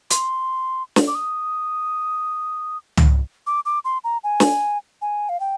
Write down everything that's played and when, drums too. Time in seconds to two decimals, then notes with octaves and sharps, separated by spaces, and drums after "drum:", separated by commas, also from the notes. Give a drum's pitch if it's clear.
0.11 C6, drum: hi-hat
0.96 drum: snare
1.08 D6
1.15 D#6
2.97 drum: tom
3.47 D6
3.66 D6
3.85 C6
4.04 A#5
4.24 G#5
4.40 drum: snare
5.02 G#5
5.29 F5
5.40 G5